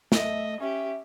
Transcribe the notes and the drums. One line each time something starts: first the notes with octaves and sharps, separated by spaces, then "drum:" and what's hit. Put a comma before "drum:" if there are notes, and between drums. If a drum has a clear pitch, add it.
A3 D#5 E5, drum: snare
C#4 G4 E5